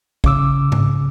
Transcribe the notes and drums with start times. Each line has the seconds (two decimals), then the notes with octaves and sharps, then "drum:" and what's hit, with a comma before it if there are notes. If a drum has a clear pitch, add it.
0.24 C2 C#3 D6 E6, drum: kick
0.72 drum: tom G#2